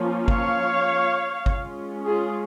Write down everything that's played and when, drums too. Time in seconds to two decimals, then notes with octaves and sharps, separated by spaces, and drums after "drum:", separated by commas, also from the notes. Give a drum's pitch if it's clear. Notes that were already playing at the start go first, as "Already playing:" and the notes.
Already playing: F3 A#3 C#4 F4
0.28 C#5 F5, drum: kick G1
1.46 G#3 C#4 F4, drum: kick G1
2.04 F4 G#4